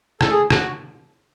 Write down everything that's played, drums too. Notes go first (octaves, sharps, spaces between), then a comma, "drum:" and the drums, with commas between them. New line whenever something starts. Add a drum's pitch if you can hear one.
A4, drum: rim click
G#4
F#4, drum: rim click